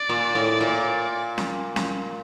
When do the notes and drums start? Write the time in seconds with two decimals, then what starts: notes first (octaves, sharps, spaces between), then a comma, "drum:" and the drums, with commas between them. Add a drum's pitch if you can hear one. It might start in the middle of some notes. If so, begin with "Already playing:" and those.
Already playing: D5
0.09 A#2
0.35 A2
0.61 A#2
1.38 drum: snare C#4
1.76 drum: snare C#4